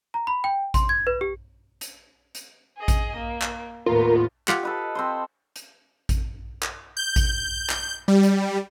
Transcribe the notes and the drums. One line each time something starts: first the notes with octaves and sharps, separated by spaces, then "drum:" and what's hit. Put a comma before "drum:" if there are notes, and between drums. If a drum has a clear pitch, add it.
A#5
B5
G5
C6, drum: kick A1, hi-hat
G#6
B4
G4
drum: hi-hat
drum: hi-hat
G#4 D#5
drum: kick A1, hi-hat
A#3
drum: clap
D#2 A2 B3 F4 A#4
F4 G4 F5 F#5, drum: clap
A4 B4 D#5
C4 C5 C6
drum: hi-hat
drum: kick A1, hi-hat
drum: clap
G6
drum: kick A1, hi-hat
drum: clap
G3
drum: hi-hat